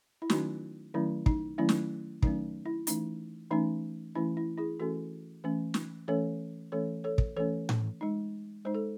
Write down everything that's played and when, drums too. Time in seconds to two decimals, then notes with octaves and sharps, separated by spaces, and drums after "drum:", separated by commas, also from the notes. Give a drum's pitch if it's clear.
0.22 E4
0.30 D#3 F#3 A3 C#4 D#4 F#4, drum: snare
0.94 D#3 F#3 A3 C#4 E4
1.26 D#4, drum: kick
1.58 D#3 F#3 A3 C#4 E4
1.69 drum: snare
2.22 D#3 F#3 A3 C#4 D#4, drum: kick
2.66 E4
2.87 E3 A3 C#4 D#4, drum: hi-hat
3.51 E3 A3 C#4 D#4
4.15 E3 A3 C#4 E4
4.37 E4
4.58 E4 G#4
4.80 E3 A3 C#4 F#4 A4
5.44 E3 A3 C#4
5.74 drum: snare
6.08 E3 A3 C#4 A4 C#5
6.72 E3 A3 C#4 A4 C#5
7.04 A4 C#5
7.18 drum: kick
7.37 E3 A3 C#4 A4 C#5
7.69 drum: tom A2
8.01 G#3 D#4
8.65 G#3 D#4 C5
8.74 A4